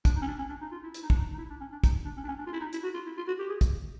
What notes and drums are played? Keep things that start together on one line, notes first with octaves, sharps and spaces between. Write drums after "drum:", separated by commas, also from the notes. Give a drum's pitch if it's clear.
D4, drum: kick, hi-hat
D#4
C#4
D4
C#4
D4
D#4
F4
E4
E4, drum: hi-hat
D#4
D4, drum: kick
D#4
D#4
E4
D4
C#4
D4
D#4, drum: kick, hi-hat
D4
C#4
D4
C#4
D4
F4
E4
D#4
E4, drum: hi-hat
F#4
F4
E4
F4
F#4
G4
G#4
drum: kick, hi-hat